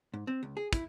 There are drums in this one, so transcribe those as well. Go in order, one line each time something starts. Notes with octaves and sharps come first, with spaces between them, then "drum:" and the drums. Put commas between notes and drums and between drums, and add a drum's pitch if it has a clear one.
G#2
C4
C#2
G#4
E4, drum: kick, hi-hat